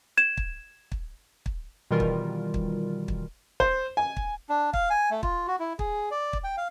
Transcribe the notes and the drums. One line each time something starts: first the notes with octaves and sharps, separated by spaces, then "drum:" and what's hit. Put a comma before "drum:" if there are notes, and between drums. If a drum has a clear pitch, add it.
G#6 E7
drum: kick
drum: kick
drum: kick
B2 D#3 E3 G3 F4 A#4
drum: kick
drum: kick
drum: kick
C5, drum: kick
G#5
drum: kick
D4
F5, drum: kick
G#5
A3
F4, drum: kick
F#4
E4
G#4, drum: kick
D5
drum: kick
G5
F5